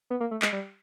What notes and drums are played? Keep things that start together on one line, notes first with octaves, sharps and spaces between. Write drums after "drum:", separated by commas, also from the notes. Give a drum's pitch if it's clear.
B3
A#3
A3
G#3, drum: clap
G3